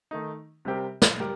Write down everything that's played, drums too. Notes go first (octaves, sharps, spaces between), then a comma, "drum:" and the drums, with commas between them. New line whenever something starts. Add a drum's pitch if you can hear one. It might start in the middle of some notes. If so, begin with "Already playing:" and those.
D#3 A3 D#4
C3 G3 C4 G4 A#4
drum: snare
G3 G4 A#4